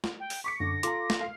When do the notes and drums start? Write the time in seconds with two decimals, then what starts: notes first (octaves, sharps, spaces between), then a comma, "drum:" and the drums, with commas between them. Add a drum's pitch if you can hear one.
0.04 drum: snare
0.20 G5
0.30 drum: open hi-hat
0.44 C#6 D6 B6 C#7
0.60 F#2 D3 A#6
0.83 F4 A4 A#5 C6 D6, drum: hi-hat
1.10 drum: snare
1.21 F5 C7